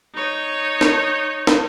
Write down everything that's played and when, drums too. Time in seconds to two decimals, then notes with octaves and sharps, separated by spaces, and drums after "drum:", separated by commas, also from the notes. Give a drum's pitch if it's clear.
0.15 D#4 C#5
0.81 drum: snare
1.47 drum: snare